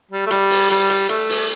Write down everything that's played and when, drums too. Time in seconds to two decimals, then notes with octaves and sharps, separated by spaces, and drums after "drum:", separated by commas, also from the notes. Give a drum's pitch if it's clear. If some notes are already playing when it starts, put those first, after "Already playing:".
0.11 G3
0.26 A3
0.30 G3, drum: hi-hat
0.50 drum: open hi-hat
0.70 G3, drum: hi-hat
0.90 drum: hi-hat
1.09 A3, drum: hi-hat
1.29 drum: open hi-hat